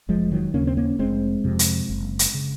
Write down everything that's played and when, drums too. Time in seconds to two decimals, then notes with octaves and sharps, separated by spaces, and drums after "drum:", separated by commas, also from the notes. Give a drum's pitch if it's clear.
0.08 F1 F3 G#3
0.31 D#3 F#3
0.54 D#2 C#3 A#3 C#4
0.67 C4
0.77 A#3 C#4
0.99 F1 G#3 C4
1.44 F2 C3
1.59 drum: hi-hat
1.90 F#1
2.19 drum: hi-hat
2.34 C#3